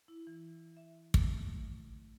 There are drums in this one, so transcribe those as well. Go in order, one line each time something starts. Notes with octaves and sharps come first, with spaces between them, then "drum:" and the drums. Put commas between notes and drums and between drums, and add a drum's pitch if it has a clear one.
E4
E3
E5
A3, drum: kick